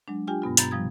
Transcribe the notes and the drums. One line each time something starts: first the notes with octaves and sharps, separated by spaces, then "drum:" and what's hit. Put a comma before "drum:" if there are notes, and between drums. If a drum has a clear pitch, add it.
F#3 G#3 D4
D4 F4 G4 G5 G#5
G2 B2 B3 F4
A#5 B5 G6 A6, drum: hi-hat
C3 F3 G3 D#6 G#6